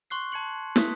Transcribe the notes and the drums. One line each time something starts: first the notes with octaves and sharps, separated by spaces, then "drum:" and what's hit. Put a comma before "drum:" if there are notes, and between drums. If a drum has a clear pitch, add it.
C6 C#6 F#6 C7
A5 G#6 C#7 F#7
D#6 F#6 B6, drum: snare